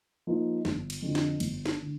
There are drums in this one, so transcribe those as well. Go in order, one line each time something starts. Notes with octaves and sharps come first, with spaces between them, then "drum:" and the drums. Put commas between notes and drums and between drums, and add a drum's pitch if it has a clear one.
F3 A#3 D#4
G1, drum: snare
drum: cymbal
F2 D3
drum: snare
G1, drum: cymbal
drum: snare
D3